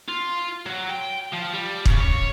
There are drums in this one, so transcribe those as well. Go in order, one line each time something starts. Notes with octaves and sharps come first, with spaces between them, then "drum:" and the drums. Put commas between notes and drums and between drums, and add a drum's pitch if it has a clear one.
F4
F#3
G5
F3
G3
C#3, drum: kick
C#5